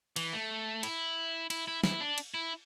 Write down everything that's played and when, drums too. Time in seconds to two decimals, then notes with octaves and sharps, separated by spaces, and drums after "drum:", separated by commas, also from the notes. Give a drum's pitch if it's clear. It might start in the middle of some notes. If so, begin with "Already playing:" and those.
0.16 E3, drum: cymbal
0.33 A3
0.83 E4, drum: cymbal
1.50 E4, drum: cymbal
1.68 E4
1.84 E4, drum: snare
2.01 D4
2.18 drum: cymbal
2.34 E4